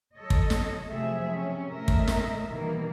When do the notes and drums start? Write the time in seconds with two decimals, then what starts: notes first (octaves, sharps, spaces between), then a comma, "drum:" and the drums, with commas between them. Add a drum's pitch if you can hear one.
0.15 F#3 A4 C#5 D#5
0.30 drum: kick
0.50 drum: snare
0.89 C3 F3 F#3 A3 G#4 E5
1.33 C3 C#4
1.69 A2 A3 A#4 D#5 E5
1.88 drum: kick
2.08 drum: snare
2.47 B2 D#3 E3 G3 A#3